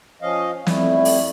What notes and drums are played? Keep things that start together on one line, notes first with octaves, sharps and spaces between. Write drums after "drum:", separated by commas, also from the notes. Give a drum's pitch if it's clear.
F3 C#4 D#5 F5
F2 G3 A3 E4, drum: snare
drum: open hi-hat